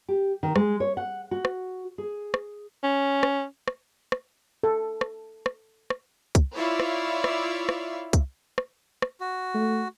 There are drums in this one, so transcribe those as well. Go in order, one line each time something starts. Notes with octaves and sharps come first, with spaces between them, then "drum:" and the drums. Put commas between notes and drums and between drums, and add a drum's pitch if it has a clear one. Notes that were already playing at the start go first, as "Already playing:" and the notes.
G4
D#3
G#3, drum: rim click
C#5
F#5
F#4
drum: rim click
G#4
drum: rim click
C#4
drum: rim click
drum: rim click
drum: rim click
A4
drum: rim click
drum: rim click
drum: rim click
drum: kick, hi-hat
E4 F4 C#5 D5 E5 F5
drum: rim click
drum: rim click
drum: rim click
drum: kick, hi-hat
drum: rim click
drum: rim click
F#4
A3